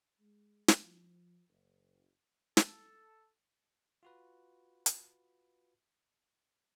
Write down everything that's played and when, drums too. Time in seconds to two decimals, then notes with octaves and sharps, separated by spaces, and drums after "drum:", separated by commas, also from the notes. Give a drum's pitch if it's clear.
0.20 G#3
0.68 drum: snare
0.85 F3
1.49 F#1
2.57 A4, drum: snare
4.03 F4 F#4 B4
4.86 drum: hi-hat